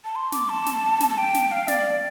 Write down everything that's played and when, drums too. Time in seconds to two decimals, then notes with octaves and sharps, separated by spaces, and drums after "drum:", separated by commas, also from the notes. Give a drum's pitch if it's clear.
0.05 A5
0.15 C6
0.32 D6, drum: snare
0.49 A5
0.66 drum: snare
1.00 drum: snare
1.10 A5
1.18 G5
1.34 drum: snare
1.51 F5
1.68 D5, drum: snare